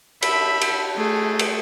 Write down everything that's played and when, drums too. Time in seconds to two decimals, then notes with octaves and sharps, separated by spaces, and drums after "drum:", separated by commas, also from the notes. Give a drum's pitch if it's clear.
0.22 E5 B5, drum: cymbal
0.61 drum: cymbal
0.96 A3 G#4
1.39 drum: cymbal